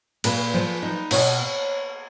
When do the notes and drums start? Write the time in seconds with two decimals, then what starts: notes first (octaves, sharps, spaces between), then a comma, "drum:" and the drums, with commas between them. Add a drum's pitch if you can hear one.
0.24 A#2 B4, drum: cymbal
0.54 F3
0.83 D#4
1.11 B2 C#5, drum: cymbal